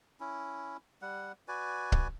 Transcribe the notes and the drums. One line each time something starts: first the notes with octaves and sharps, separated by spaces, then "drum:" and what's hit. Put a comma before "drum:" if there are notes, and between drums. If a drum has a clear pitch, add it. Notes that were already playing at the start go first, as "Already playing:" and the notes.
C#4 E4
G3 F#5
F#4 B4 D5 G#5
drum: kick C#1